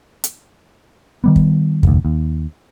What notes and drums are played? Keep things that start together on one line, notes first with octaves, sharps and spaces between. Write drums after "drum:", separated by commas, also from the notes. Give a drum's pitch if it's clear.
drum: hi-hat
D#3 G3 B3
drum: kick
F1 D2, drum: kick
D#2